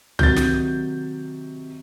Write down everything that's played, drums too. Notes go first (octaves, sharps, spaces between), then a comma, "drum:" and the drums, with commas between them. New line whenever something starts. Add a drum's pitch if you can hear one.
C3 D#3 F#3 G6 A6, drum: tom C2
drum: snare